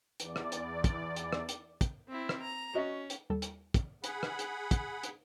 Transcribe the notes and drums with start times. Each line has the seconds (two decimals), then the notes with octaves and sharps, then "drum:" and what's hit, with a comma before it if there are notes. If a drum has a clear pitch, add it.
0.20 E2 D5, drum: hi-hat
0.36 drum: rim click
0.52 drum: hi-hat
0.84 drum: kick, hi-hat
1.16 drum: hi-hat
1.33 drum: rim click
1.49 drum: hi-hat
1.81 drum: kick, hi-hat
2.09 C4 E4
2.29 drum: rim click
2.42 A#5
2.75 C#4 F#4 D#5
3.10 drum: hi-hat
3.30 D#2 G3 A4
3.42 drum: hi-hat
3.74 drum: kick, hi-hat
4.04 G#4 F#5 B5, drum: hi-hat
4.23 drum: rim click
4.39 drum: hi-hat
4.71 drum: kick, hi-hat
5.03 drum: hi-hat